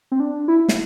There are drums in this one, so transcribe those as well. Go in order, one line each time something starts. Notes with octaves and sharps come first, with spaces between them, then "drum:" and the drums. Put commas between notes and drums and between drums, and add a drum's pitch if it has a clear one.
C4
D4
E4
drum: snare